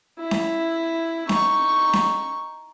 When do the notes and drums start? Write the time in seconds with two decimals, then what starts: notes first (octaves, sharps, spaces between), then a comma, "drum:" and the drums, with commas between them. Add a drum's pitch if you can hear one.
0.19 E4
0.31 drum: snare C#4
1.29 D#4 C#6, drum: snare C#4
1.93 drum: snare C#4